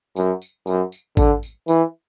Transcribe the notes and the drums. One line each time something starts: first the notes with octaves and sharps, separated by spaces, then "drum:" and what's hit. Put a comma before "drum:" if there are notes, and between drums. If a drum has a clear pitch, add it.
F#2, drum: tambourine
drum: tambourine
F#2, drum: tambourine
drum: tambourine
D3, drum: kick, tambourine
drum: tambourine
E3, drum: tambourine